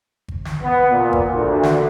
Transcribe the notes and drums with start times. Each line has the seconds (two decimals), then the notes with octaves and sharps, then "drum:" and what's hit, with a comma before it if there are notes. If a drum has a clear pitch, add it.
0.28 drum: kick G#1
0.45 drum: snare
0.62 B3
0.91 A#2
1.13 drum: kick G#1
1.32 D2
1.63 drum: snare